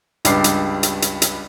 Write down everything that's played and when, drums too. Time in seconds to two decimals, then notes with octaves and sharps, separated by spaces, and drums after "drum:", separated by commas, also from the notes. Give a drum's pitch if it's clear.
0.25 C#2 G2 G3 D4 D6 C7, drum: hi-hat
0.44 drum: hi-hat
0.83 drum: hi-hat
1.02 drum: hi-hat
1.22 drum: hi-hat